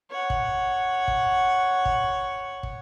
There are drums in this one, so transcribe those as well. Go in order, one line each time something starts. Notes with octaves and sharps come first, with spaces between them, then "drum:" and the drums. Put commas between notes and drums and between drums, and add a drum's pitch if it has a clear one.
C#5 F#5
drum: kick
drum: kick
drum: kick
drum: kick